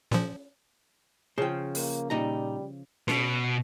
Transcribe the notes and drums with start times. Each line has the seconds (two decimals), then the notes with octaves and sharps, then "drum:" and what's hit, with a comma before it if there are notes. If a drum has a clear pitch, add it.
0.11 A#2 F3, drum: snare C#4
1.38 C#3 F3 C5 G5
1.75 A#3, drum: open hi-hat
2.10 A#2 G3 D#4 A#5
3.08 B2, drum: snare C#4